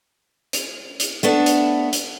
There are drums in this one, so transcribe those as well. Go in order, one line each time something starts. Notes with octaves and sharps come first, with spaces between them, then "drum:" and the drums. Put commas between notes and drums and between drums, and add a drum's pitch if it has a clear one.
drum: hi-hat
drum: hi-hat
A3 B3 D4
drum: hi-hat
drum: hi-hat